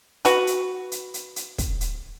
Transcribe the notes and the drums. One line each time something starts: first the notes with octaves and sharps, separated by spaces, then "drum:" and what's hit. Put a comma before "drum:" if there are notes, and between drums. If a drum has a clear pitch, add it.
F#4 B4, drum: hi-hat
drum: hi-hat
drum: hi-hat
drum: hi-hat
drum: hi-hat
drum: kick, hi-hat
drum: hi-hat